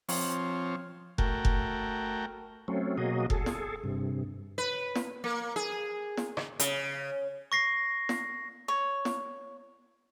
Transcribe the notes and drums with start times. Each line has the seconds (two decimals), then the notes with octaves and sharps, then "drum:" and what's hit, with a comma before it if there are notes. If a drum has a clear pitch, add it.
0.09 F3 C4 C#5, drum: open hi-hat
1.18 A3 F#4 A#4 G5, drum: kick F1
1.45 drum: kick F1
2.68 F#3 A3 C4 C#4
2.98 B2 F#3 A#3 F#4 G#4 D#5
3.30 G#4 A4, drum: kick F1
3.46 drum: snare
3.84 G2 C3
4.58 B4
4.95 drum: snare
5.24 A#3
5.56 G#4
6.17 drum: snare
6.37 drum: rim click
6.59 C#3, drum: hi-hat
7.52 C#6 A#6 C7
8.09 drum: snare
8.68 C#5
9.05 drum: snare